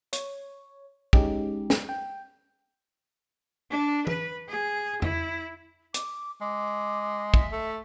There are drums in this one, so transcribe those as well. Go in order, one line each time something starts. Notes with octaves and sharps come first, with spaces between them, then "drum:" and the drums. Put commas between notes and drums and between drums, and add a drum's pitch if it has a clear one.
C#5, drum: hi-hat
G#3 C#4 D#4 G4, drum: kick
drum: snare
G5
D4
B4, drum: tom
G#4
E4, drum: tom E2
D6, drum: hi-hat
G#3 D6
E5, drum: kick
A3